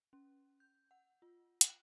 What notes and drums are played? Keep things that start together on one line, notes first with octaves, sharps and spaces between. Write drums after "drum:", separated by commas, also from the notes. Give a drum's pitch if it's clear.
C#4
G6
F#5
F4
F#6, drum: hi-hat